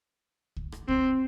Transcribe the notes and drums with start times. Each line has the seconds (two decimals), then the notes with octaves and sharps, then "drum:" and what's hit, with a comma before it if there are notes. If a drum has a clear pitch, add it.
0.56 drum: kick C#2
0.72 drum: rim click
0.88 C4, drum: kick C#2